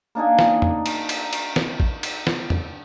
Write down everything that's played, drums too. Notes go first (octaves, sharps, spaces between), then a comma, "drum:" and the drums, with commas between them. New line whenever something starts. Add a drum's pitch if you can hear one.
A#3 D4 D#4 G#5
drum: snare
drum: tom
drum: cymbal
drum: cymbal
drum: cymbal
drum: snare
drum: kick
drum: cymbal
drum: snare
drum: tom